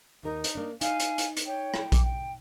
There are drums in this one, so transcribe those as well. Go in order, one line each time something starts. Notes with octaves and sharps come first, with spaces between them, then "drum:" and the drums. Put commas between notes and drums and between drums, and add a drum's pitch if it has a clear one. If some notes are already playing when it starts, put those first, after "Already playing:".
D#2 D#4 A#4
drum: hi-hat
A#3 D4
D#4 F5 G#5, drum: hi-hat
drum: hi-hat
drum: hi-hat
drum: hi-hat
C#5 G5
drum: rim click
D6, drum: kick A#1, hi-hat
G5